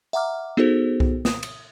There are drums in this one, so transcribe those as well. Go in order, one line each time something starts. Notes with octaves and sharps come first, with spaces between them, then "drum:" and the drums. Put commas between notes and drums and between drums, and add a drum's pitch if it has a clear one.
E5 F#5 A#5 D6 F6
B3 D#4 F#4 G#4 A4 C5
drum: kick C2
D#6, drum: snare
drum: cymbal